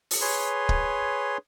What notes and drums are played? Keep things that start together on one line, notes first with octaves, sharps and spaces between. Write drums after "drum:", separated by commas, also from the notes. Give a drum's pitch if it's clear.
drum: open hi-hat
G#4 B4 C#5 C6
drum: kick